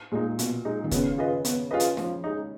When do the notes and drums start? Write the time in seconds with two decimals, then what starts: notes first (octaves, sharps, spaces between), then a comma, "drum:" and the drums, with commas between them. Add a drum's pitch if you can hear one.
0.12 A#2 G#3 D#4
0.39 B2, drum: hi-hat
0.65 G#3 D#4
0.84 D#3
0.91 C#3 B3, drum: kick, hi-hat
1.18 F4 G#4 B4 D#5
1.45 B3, drum: hi-hat
1.71 F4 G#4 B4 D#5
1.80 drum: hi-hat
1.97 F3, drum: snare
2.24 G#3 D#4